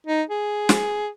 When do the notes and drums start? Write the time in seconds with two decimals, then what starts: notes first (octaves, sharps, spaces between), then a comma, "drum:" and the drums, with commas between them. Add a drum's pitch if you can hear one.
0.07 D#4
0.29 G#4
0.69 drum: snare